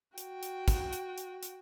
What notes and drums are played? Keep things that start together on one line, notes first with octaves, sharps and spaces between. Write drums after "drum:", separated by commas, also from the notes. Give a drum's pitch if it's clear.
F#4 G5, drum: hi-hat
drum: hi-hat
drum: kick, hi-hat
drum: hi-hat
drum: hi-hat
drum: hi-hat